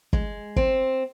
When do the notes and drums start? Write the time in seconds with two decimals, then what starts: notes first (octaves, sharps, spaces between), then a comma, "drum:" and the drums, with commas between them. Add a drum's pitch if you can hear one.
0.13 G#3, drum: kick
0.56 C4, drum: kick